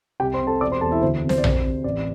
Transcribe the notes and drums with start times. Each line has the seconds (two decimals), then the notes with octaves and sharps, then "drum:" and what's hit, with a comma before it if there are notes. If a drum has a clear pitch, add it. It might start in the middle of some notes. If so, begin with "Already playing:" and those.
0.20 C2 G4 G5
0.34 C5 C6
0.41 C3
0.47 A4 A5
0.61 E1 D5 D6
0.71 C5 C6
0.81 E2 A4 A5
0.91 E4 E5
1.02 D2 C5
1.23 C3
1.29 C5, drum: snare
1.38 D5
1.44 D2 C5, drum: tom A#1
1.64 C3
1.84 A1 D5